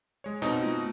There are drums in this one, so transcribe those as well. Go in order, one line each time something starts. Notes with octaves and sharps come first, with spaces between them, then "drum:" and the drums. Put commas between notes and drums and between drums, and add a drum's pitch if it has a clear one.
G#3 C#5
B2 C4 D#4, drum: hi-hat
A3 F4